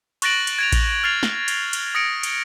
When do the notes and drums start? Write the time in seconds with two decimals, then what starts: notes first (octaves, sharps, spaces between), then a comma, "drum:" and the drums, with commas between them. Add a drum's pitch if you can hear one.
0.22 C#6 F#6 A6 A#6 D7 F#7, drum: cymbal
0.47 drum: cymbal
0.59 G#6 D7 F7
0.72 drum: kick A1, cymbal
1.04 F6 G#6 A6 C7 D7 F7
1.23 drum: snare
1.48 drum: cymbal
1.73 drum: cymbal
1.95 D#6 A#6 C#7 D7
2.23 drum: cymbal